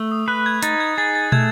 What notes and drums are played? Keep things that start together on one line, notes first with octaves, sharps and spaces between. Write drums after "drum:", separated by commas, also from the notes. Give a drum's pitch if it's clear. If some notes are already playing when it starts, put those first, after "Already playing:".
Already playing: A3
D#6
B4 F#6
G#6
D#4 A6, drum: hi-hat
G#6
G#4 A6
A6
A3 G#6, drum: tom